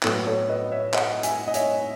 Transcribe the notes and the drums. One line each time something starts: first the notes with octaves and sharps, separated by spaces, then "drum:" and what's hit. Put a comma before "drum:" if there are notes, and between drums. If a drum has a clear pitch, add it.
A2 F#3 B3 A4, drum: clap
A4 C#5
B4 D#5
C#5 E5
D#5 F#5, drum: clap
E5 G#5, drum: hi-hat
D#5
C#5 E5, drum: hi-hat